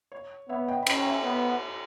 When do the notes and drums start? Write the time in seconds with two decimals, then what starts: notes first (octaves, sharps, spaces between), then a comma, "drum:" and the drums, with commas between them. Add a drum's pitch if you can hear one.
0.12 C#5
0.49 B3 C#5 E5
0.68 D#5 G5
0.83 B5
0.87 C#4 G5 A#5, drum: cymbal
0.97 G5 A#5
1.06 C#5 E5
1.24 B3 C#5